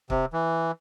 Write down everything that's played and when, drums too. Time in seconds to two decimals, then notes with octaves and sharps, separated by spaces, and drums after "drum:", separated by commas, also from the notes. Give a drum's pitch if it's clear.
0.10 C3, drum: kick
0.33 E3